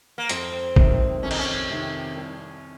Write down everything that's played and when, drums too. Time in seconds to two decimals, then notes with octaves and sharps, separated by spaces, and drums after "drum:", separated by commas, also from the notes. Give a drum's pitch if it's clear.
0.18 A#3
0.29 F2 C4, drum: hi-hat
0.76 C3 D#3, drum: kick
1.23 F2 C#4
1.31 D#4, drum: cymbal
1.39 C#4
1.70 C3 D#3
2.16 C2